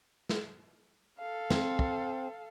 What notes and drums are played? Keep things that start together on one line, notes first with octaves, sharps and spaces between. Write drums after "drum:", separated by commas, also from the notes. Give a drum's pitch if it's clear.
drum: snare
A4 F5
C4, drum: snare
drum: kick